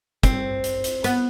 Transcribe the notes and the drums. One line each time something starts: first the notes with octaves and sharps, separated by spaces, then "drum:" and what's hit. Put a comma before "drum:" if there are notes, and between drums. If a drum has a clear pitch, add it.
C4, drum: kick, hi-hat
drum: hi-hat
drum: hi-hat
B3, drum: hi-hat